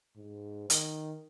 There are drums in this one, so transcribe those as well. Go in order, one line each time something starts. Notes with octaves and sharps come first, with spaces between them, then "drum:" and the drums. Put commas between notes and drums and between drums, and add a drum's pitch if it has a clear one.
G#2
D#3, drum: hi-hat